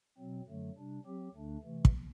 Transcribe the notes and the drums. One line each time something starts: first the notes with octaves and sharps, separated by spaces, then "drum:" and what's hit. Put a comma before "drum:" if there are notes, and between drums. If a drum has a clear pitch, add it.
B2 F#3 C4
F#2 D3 F#3 A3
C3 G3 D4
F#3 C4 G4
D2 D3 A3 D4
C3 E3 A3
drum: kick